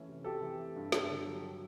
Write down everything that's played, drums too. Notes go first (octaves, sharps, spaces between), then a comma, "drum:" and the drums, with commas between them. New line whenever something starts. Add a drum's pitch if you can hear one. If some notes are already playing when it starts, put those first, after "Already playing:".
Already playing: E3 A3 C#4
C3
C4 G4 A4
E3
A3
G2
G2, drum: snare
D3
F#3